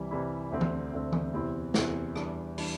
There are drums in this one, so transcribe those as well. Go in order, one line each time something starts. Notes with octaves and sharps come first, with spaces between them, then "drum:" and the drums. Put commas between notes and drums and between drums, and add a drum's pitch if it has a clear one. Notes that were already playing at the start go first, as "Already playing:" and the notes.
Already playing: C2 C3 E3 G3 E4
C2 C3 E3 G3 E4
D2 D3 C4
drum: tom E3
D2 D3 C4
drum: tom E3
E2 C3 E3 C4 E4
E2 C3 E3 C4 E4, drum: snare
E2 E3 G3 D4, drum: rim click
E3 G3 D4, drum: open hi-hat